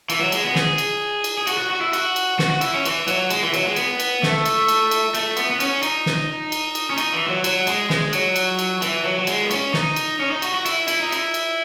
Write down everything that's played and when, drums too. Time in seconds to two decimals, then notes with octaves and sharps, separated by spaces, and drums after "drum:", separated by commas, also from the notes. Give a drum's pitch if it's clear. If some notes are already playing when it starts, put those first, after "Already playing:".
0.10 E3, drum: cymbal
0.21 F#3
0.32 G#3, drum: cymbal
0.44 B3
0.55 G#4, drum: snare
0.78 drum: cymbal
1.24 drum: cymbal
1.38 G#4
1.47 F#4, drum: cymbal
1.58 F#4
1.70 F#4
1.81 E4
1.93 F#4, drum: cymbal
2.16 drum: cymbal
2.39 F#4, drum: snare
2.50 F#4
2.61 E4, drum: cymbal
2.74 C#4
2.85 E3, drum: cymbal
3.08 F#3, drum: cymbal
3.30 G#3, drum: cymbal
3.42 E3
3.54 F#3, drum: cymbal
3.66 G#3
3.76 B3, drum: cymbal
4.00 drum: cymbal
4.23 A3, drum: snare
4.46 drum: cymbal
4.68 drum: cymbal
4.91 drum: cymbal
5.15 A3, drum: cymbal
5.37 B3, drum: cymbal
5.51 B3
5.60 C#4, drum: cymbal
5.83 D#4, drum: cymbal
6.06 drum: snare
6.52 drum: cymbal
6.75 drum: cymbal
6.90 C#4
6.98 D#4, drum: cymbal
7.14 E3
7.28 F#3
7.44 F#3, drum: cymbal
7.67 G#3, drum: cymbal
7.90 G#3, drum: snare
8.13 F#3, drum: cymbal
8.36 drum: cymbal
8.59 drum: cymbal
8.82 E3, drum: cymbal
9.05 F#3
9.19 F#3
9.27 G#3, drum: cymbal
9.44 B3
9.51 C#4, drum: cymbal
9.74 D#4, drum: snare
9.96 drum: cymbal
10.20 C#4
10.31 D#4
10.42 F#4, drum: cymbal
10.54 F#4
10.66 E4, drum: cymbal
10.88 E4, drum: cymbal
11.00 D#4
11.12 E4, drum: cymbal
11.34 drum: cymbal